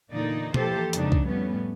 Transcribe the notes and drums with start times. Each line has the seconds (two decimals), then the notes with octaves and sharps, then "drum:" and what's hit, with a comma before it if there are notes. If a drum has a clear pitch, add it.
0.12 E2 A#2 D3 A#3 D#4 D5
0.54 E3 F3 A#3 G4 A4 C5, drum: tom
0.93 F2 G#2 C#3 D4 D#4, drum: hi-hat
1.12 drum: kick C2
1.26 A2 G3 B3 C#4